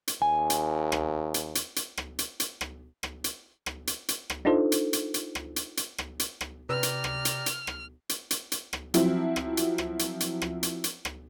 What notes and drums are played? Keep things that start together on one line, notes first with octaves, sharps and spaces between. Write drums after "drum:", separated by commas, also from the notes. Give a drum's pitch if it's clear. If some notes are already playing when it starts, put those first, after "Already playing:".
drum: hi-hat
D#2 G#5
drum: hi-hat
drum: rim click
drum: hi-hat
drum: hi-hat
drum: hi-hat
drum: rim click
drum: hi-hat
drum: hi-hat
drum: rim click
drum: rim click
drum: hi-hat
drum: rim click
drum: hi-hat
drum: hi-hat
drum: rim click
D4 D#4 F4 A4 C5
drum: hi-hat
drum: hi-hat
drum: hi-hat
drum: rim click
drum: hi-hat
drum: hi-hat
drum: rim click
drum: hi-hat
drum: rim click
C3 G4 B4 D5 A#5 F6
drum: hi-hat
drum: rim click
drum: hi-hat
drum: hi-hat
drum: rim click
drum: hi-hat
drum: hi-hat
drum: hi-hat
drum: rim click
F3 F#3 C4 E4, drum: hi-hat
drum: rim click
drum: hi-hat
drum: rim click
drum: hi-hat
drum: hi-hat
drum: rim click
drum: hi-hat
drum: hi-hat
drum: rim click